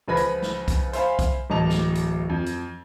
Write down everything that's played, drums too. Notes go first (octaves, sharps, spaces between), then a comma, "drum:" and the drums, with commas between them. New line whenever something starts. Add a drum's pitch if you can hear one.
C#2 F3 B4 B5 G#6 A#6
drum: hi-hat
drum: snare
drum: kick B1, hi-hat
C5 E5 F5 G#5 B5, drum: hi-hat
drum: kick B1, hi-hat
D1 A1 D#5 A5 F7
drum: snare
drum: hi-hat
F2
drum: hi-hat